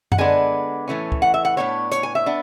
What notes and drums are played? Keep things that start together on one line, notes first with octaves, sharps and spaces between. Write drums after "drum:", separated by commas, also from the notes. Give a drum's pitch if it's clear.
F#5, drum: tom F#2
D3 G#3 B3 D4 G#5
A2 E3 A3 C#4
drum: kick
F#5
E5
F#5
A2 E3 B3 D4 C#5
C#5, drum: hi-hat
G#5
E5
B3 D4